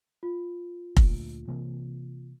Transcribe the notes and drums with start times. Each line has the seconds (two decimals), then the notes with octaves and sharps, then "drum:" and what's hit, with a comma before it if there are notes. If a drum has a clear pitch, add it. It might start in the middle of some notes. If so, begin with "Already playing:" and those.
0.23 F4
0.97 D2 A#2, drum: kick F1
1.48 C3 E3 A#3